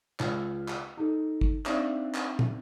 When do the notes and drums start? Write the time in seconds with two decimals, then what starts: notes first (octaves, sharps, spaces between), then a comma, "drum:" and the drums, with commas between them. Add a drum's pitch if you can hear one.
0.20 C#2, drum: clap
0.68 drum: clap
0.97 D#4 A4
1.41 drum: kick
1.66 C4 D4 D#4 D5 E5 F5, drum: clap
2.15 drum: clap
2.39 drum: tom